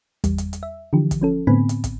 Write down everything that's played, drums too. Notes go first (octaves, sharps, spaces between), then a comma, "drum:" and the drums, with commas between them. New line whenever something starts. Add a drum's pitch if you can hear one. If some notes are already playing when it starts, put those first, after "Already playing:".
E2 G3, drum: kick, hi-hat
drum: hi-hat
drum: hi-hat
E5
D3 E3 F3 G4
drum: kick, hi-hat
F3 C#4 A4
A2 D3 B3 C4 G#5 B5
drum: hi-hat
drum: kick, hi-hat